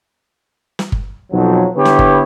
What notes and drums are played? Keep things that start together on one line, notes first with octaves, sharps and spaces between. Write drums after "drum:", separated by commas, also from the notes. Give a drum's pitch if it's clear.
drum: snare
drum: kick G1
B1 F2 F3 F#3
D3 B3 E4 G4 B4 C#5
drum: snare
drum: kick G1